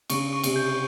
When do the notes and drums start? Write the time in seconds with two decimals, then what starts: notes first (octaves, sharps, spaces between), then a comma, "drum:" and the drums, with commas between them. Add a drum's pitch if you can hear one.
0.10 C#3 C#6, drum: cymbal
0.33 C#6
0.44 C3, drum: cymbal
0.56 G6